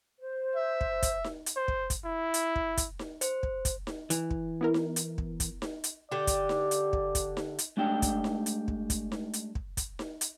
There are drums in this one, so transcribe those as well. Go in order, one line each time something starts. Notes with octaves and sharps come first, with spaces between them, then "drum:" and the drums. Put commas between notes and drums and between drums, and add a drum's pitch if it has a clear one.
C5
E5
drum: kick
drum: kick, hi-hat
drum: snare D#4
drum: hi-hat
C5
drum: kick
drum: kick, hi-hat
E4
drum: hi-hat
drum: kick
drum: kick, hi-hat
drum: snare D#4
C5, drum: hi-hat
drum: kick
drum: kick, hi-hat
drum: snare D#4
E3, drum: hi-hat
drum: kick
B3 E4 A#4
drum: snare D#4
drum: hi-hat
drum: kick
drum: kick, hi-hat
drum: snare D#4
drum: hi-hat
D3 G4 D5
drum: kick, hi-hat
drum: snare D#4
drum: hi-hat
drum: kick
drum: kick, hi-hat
drum: snare D#4
drum: hi-hat
G#3 A3 D4 G4 G5
drum: kick, hi-hat
drum: snare D#4
drum: hi-hat
drum: kick
drum: kick, hi-hat
drum: snare D#4
drum: hi-hat
drum: kick
drum: kick, hi-hat
drum: snare D#4
drum: hi-hat